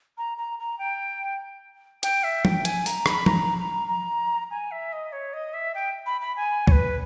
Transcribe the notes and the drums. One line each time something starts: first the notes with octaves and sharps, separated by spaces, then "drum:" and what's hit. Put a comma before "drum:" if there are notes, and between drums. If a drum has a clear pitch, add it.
A#5
A#5
A#5
G5
G5, drum: hi-hat
E5
G5, drum: tom F3
G#5, drum: hi-hat
A#5, drum: open hi-hat
B5, drum: rim click
A#5, drum: tom F3
A#5
A#5
G#5
E5
D#5
C#5
D#5
E5
G5
B5
B5
G#5
C#5, drum: kick
B4